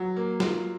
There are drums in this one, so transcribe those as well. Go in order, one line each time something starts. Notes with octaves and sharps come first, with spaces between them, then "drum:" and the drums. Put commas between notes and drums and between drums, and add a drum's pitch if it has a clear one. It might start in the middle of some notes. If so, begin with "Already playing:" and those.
Already playing: F#3
A#3
F4, drum: snare